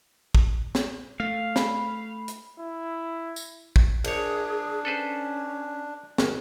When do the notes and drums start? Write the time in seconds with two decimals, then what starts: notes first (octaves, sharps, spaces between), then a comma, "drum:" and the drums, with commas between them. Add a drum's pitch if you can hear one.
0.35 drum: kick
0.75 drum: snare
1.20 A3 F5
1.56 B5, drum: snare
2.28 drum: hi-hat
2.59 E4
3.36 drum: tambourine
3.76 drum: kick
4.04 A#1 D4 G#4 C#5, drum: cymbal
4.85 C#4 A4 B4 C5
6.18 G#1, drum: snare